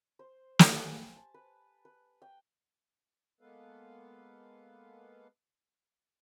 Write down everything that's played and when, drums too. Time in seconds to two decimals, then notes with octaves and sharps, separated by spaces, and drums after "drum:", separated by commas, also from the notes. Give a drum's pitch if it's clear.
0.19 C5
0.59 G3, drum: snare
0.83 G#5
1.16 A5
1.34 B4
1.85 B4
2.22 G5
3.41 G#3 A#3 B3 A4 B4 F5